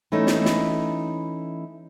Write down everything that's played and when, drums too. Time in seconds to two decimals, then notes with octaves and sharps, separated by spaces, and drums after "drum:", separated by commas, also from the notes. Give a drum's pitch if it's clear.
0.12 E3 A3 C#4 D#4 E4
0.27 drum: snare
0.45 drum: snare